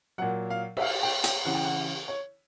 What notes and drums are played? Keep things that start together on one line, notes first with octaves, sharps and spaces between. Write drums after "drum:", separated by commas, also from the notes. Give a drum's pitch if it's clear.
A#2 F#3 F#5
F5
E5, drum: cymbal
F5
G5
G5, drum: hi-hat
C#3 E3 F#5
G5
F#5
C#5